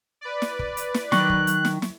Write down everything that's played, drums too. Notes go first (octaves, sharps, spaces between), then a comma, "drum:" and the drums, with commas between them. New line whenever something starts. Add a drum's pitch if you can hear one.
B4 D5
drum: snare
drum: kick
drum: hi-hat
drum: snare
D#3 F#3 C#6 F#6, drum: snare
drum: kick
drum: hi-hat
drum: snare
drum: snare